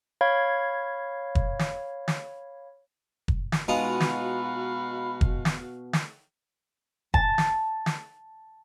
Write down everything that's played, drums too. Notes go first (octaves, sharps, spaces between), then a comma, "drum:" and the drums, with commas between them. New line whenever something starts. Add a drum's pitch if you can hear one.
C#5 F5 B5 G#6
drum: kick
drum: snare
drum: snare
drum: kick
drum: snare
B2 G#3 D#4 F4 F#4 F5 B5
drum: snare
drum: kick
drum: snare
drum: snare
A5, drum: kick
drum: snare
drum: snare